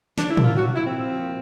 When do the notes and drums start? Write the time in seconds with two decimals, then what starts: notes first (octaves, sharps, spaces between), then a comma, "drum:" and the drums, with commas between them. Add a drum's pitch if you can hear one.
0.18 C#3 D4, drum: snare
0.30 E4
0.37 A#3, drum: tom
0.43 F4
0.56 F#3 F#4
0.76 F2 E4
0.85 C4
0.95 F3
1.15 A#2